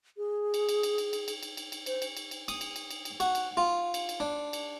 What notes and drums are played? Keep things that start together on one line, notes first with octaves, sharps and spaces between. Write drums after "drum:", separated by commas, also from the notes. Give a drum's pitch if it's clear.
G#4
drum: cymbal
drum: cymbal
drum: cymbal
drum: cymbal
drum: cymbal
drum: cymbal
drum: cymbal
drum: cymbal
drum: cymbal
C5, drum: cymbal
drum: cymbal
drum: cymbal
drum: cymbal
D#6, drum: cymbal
drum: cymbal
drum: cymbal
drum: cymbal
drum: cymbal
F#4, drum: cymbal
drum: cymbal
F4
drum: cymbal
drum: cymbal
D4
drum: cymbal